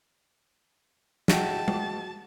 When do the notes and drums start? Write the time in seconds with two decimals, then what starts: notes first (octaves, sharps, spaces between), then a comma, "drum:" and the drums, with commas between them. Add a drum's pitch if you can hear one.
1.28 F#4 G#4 D#5 E5 F#5 G5 A5, drum: snare
1.68 drum: tom